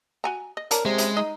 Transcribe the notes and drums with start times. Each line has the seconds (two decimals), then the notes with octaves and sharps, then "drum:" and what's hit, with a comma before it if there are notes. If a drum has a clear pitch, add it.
0.24 F#4 G#5 A#5
0.57 D#5
0.71 A#4 C#5 D5 A5, drum: hi-hat
0.85 C3 G#3
0.98 C#4 E4, drum: hi-hat
1.17 D#4 D#5